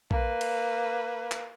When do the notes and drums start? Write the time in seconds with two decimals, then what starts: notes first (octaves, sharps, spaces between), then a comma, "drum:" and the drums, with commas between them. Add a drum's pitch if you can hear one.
0.11 A#3 B4, drum: kick A#1
0.41 drum: cymbal
1.32 drum: clap